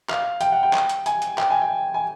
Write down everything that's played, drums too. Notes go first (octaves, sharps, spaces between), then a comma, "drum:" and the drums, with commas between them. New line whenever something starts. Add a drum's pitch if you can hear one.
F5, drum: clap
G5, drum: hi-hat
F#5
G5
drum: clap
drum: hi-hat
G#5, drum: hi-hat
drum: hi-hat
G5, drum: clap
G#5
G5
G#5